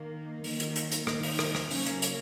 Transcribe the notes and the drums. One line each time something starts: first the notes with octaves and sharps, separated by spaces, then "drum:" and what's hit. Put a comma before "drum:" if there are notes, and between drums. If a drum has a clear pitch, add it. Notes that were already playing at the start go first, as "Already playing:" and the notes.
Already playing: D#3 A#3
D#4
D#3 F#3 A#3, drum: open hi-hat
drum: hi-hat
drum: hi-hat
drum: hi-hat
D#3 A#3, drum: rim click
drum: open hi-hat
drum: rim click
drum: rim click
C#3 F#3 A#3 C#4, drum: open hi-hat
drum: hi-hat
drum: hi-hat